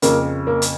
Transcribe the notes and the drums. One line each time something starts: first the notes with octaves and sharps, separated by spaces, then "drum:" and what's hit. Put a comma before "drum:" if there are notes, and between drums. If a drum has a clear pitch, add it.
F2 C#3 A#3, drum: hi-hat
A#3
drum: hi-hat